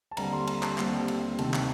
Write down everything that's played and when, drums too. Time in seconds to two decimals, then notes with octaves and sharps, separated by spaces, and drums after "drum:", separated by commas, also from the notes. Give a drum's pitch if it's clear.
0.11 A5
0.17 D#2 D3 G3 C4 A#5, drum: cymbal
0.33 C6
0.47 A#5, drum: cymbal
0.63 A5, drum: clap
0.78 D#2 D3 G3 C4 A5, drum: clap
1.08 drum: cymbal
1.39 D2 C3 D#3 A5, drum: cymbal
1.54 drum: clap